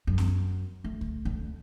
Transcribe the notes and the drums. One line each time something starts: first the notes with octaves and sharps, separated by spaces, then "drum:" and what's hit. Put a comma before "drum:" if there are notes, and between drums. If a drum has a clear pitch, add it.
F#2
drum: snare
A3
drum: kick C2
D2